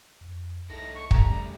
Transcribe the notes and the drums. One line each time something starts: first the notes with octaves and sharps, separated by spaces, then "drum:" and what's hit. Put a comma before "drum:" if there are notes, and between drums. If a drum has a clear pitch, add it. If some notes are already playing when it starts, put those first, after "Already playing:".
F2
C2 D#4 E4 A4 A#6
C#6
B2 D3 G4 A4 A#5, drum: kick
E2 G3 A3 C#4